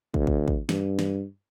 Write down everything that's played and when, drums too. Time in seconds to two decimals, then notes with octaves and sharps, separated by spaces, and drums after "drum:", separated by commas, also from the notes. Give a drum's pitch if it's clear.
0.14 D2, drum: kick
0.27 drum: kick
0.48 drum: kick
0.69 G2, drum: snare
0.99 drum: snare